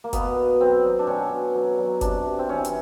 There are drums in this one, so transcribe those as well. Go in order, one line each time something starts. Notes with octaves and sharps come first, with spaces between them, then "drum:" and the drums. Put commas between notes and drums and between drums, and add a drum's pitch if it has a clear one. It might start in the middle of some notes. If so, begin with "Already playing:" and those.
A#3
B2 B3, drum: kick F#1, hi-hat
B2
F#3 C4
F#3
D4
B2 C#4
B2
F#3
F#3
C3 D4, drum: kick F#1, hi-hat
C3
C4
E3 C#4
drum: hi-hat